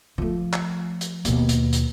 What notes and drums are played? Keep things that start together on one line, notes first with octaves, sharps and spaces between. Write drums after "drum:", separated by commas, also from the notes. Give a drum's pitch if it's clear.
F3 A3
drum: clap
drum: hi-hat
D#2 B2, drum: hi-hat
drum: hi-hat
drum: hi-hat